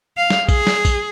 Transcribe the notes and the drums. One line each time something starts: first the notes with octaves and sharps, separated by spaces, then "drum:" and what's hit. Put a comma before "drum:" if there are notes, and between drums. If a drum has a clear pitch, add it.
F5
drum: snare
G#4, drum: kick, tambourine
drum: snare
drum: kick, tambourine